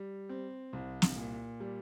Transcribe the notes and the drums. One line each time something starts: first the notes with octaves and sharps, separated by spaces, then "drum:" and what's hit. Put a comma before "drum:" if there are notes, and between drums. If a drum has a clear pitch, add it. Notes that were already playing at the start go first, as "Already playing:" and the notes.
Already playing: G3
C4
C2
drum: snare
A#2
G3